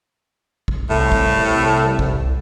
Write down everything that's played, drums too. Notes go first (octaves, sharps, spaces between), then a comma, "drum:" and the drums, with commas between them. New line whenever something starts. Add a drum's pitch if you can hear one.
drum: kick
C2 A2 A3
drum: kick
drum: kick